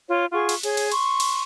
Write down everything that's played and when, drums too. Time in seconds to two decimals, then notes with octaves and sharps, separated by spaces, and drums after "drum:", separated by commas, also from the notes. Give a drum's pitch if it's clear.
0.10 F4 C#5
0.32 F4 G#4 F#5 C#6
0.49 drum: cymbal
0.63 G#4 C#5, drum: cymbal
0.77 drum: cymbal
0.91 C6 C#6, drum: cymbal
1.20 drum: cymbal